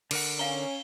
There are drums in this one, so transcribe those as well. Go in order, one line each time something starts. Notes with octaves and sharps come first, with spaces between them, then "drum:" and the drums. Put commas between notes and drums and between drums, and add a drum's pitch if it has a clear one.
D3 A#4 F#5, drum: cymbal
C#4 F5 A#5 G7